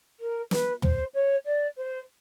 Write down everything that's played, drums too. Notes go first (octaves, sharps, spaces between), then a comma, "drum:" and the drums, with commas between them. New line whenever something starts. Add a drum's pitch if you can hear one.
A#4
B4, drum: snare
C5, drum: tom
C#5
D5
C5